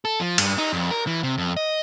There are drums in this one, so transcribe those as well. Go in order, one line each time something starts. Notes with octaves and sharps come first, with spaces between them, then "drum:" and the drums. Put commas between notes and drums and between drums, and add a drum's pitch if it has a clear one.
A4
F3
G2, drum: cymbal
D#4
F2
A#4
E3
C3
F2
D#5